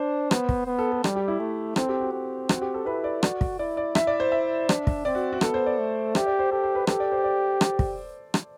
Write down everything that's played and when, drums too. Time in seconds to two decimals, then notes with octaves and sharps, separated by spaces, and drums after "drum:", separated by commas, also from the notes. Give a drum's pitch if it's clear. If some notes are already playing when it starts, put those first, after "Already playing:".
Already playing: D4 C5
0.31 B3, drum: rim click
0.49 drum: kick
0.66 B3
0.79 A4
0.92 A4
1.04 G3, drum: rim click
1.16 G4
1.28 E4
1.39 A3
1.76 C4 A4, drum: rim click
1.89 G4
2.00 F#4
2.13 C4
2.49 F#4, drum: rim click
2.62 G4
2.74 A4
2.86 E4 B4
3.04 D5
3.23 F#4 D5, drum: rim click
3.41 drum: kick
3.59 E4 D5
3.77 D5
3.95 E5, drum: rim click
4.07 D5
4.20 C5
4.32 E5
4.69 D4, drum: rim click
4.87 drum: kick
5.05 C4 D5
5.15 F#4
5.33 F#4
5.41 B3 A4, drum: rim click
5.54 C5
5.66 D5
5.79 A3
6.15 G4 E5, drum: rim click
6.26 D5
6.39 C5
6.51 G4 A4
6.63 C5
6.75 B4
6.87 G4 A4, drum: rim click
7.00 D5
7.12 C5
7.24 D5
7.61 drum: rim click
7.79 drum: kick
8.34 drum: rim click